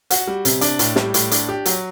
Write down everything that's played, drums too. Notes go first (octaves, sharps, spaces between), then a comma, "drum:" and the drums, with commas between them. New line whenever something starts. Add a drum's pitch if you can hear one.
F#4, drum: hi-hat
G3
C3, drum: hi-hat
D4, drum: hi-hat
A2, drum: hi-hat
G3, drum: snare
A2, drum: hi-hat
D4, drum: hi-hat
G4
F#3, drum: hi-hat